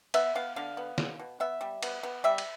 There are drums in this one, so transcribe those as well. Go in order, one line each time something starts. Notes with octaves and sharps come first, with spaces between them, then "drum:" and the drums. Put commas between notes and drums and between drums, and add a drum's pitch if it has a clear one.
B3 E5, drum: cymbal
B3 F5
D3 F5
B3
B2, drum: snare
B2
B3 E5
G3
B3, drum: cymbal
B3
G3 E5
drum: cymbal